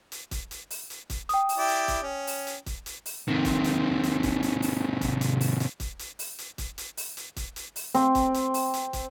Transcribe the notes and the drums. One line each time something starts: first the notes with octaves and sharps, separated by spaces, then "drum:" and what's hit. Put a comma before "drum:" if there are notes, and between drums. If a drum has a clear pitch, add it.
drum: hi-hat
drum: kick, hi-hat
drum: hi-hat
drum: open hi-hat
drum: hi-hat
drum: kick, hi-hat
G5 D#6, drum: hi-hat
drum: open hi-hat
E4 G4 D5
drum: hi-hat
drum: kick, hi-hat
C#4
drum: open hi-hat
drum: hi-hat
drum: kick, hi-hat
drum: hi-hat
drum: open hi-hat
C3 D#3
drum: kick, hi-hat
drum: hi-hat
drum: hi-hat
drum: kick, hi-hat
drum: hi-hat
drum: open hi-hat
drum: kick, hi-hat
drum: hi-hat
drum: open hi-hat
drum: hi-hat
drum: kick, hi-hat
drum: hi-hat
drum: open hi-hat
drum: hi-hat
drum: kick, hi-hat
drum: hi-hat
drum: open hi-hat
drum: hi-hat
drum: kick, hi-hat
drum: hi-hat
drum: open hi-hat
C4, drum: hi-hat
drum: kick, hi-hat
drum: hi-hat
drum: open hi-hat
drum: hi-hat
drum: kick, hi-hat